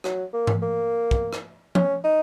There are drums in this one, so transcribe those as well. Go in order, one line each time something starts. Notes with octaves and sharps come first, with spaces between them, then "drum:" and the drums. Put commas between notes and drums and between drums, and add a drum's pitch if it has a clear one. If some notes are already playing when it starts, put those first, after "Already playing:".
F#3, drum: rim click
A#3
drum: tom G#2
A#3
drum: kick
drum: rim click
C#4, drum: tom F3
D#4